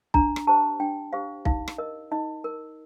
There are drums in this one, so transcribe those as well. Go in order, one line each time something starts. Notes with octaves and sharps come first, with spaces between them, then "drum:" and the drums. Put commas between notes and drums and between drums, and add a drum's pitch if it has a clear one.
D4 A#5, drum: kick B1
drum: rim click
G4 C5 A5
D4 G5
G4 C5 F5
D#4 F5, drum: kick B1
drum: rim click
A#4 D#5
D#4 D#5
A#4